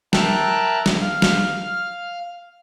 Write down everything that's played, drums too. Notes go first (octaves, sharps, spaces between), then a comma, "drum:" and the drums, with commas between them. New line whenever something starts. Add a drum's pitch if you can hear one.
A#4 E5 G5 A5 A#5 F#6, drum: snare
drum: snare
F5 F6
drum: snare